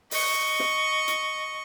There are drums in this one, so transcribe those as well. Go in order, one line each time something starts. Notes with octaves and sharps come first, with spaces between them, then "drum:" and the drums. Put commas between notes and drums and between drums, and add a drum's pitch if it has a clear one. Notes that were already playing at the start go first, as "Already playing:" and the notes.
D#5 C#6, drum: open hi-hat
drum: snare
drum: hi-hat